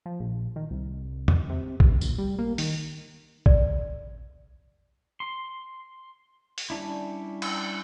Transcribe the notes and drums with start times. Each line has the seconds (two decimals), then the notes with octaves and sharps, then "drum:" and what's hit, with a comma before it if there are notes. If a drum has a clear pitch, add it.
0.06 F3
0.20 A#1
0.56 D#3
0.71 C2
1.28 drum: tom E2
1.50 C3
1.80 G2, drum: kick
2.01 A#1, drum: tambourine
2.18 G3
2.39 A#3
2.58 D#3, drum: open hi-hat
3.46 D5, drum: kick
5.20 C6
6.58 drum: open hi-hat
6.70 G3 C#4 D4 E4
7.42 drum: cymbal